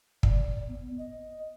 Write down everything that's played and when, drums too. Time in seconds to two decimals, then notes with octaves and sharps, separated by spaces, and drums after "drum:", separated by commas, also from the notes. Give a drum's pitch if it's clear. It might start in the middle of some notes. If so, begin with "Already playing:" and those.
0.23 D5, drum: kick
0.68 B3
0.98 D#5